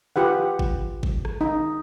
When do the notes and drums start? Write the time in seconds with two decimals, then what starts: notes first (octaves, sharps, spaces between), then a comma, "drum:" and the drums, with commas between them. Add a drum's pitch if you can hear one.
0.16 F4 G4 B4 F#5
0.59 drum: kick G#1
1.03 drum: kick G#1
1.25 drum: rim click
1.41 D#4